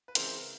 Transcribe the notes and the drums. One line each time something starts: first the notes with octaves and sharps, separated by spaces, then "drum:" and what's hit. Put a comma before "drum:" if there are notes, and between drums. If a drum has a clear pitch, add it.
B4
C#3 E3 G#3 C4 A#4 C5, drum: hi-hat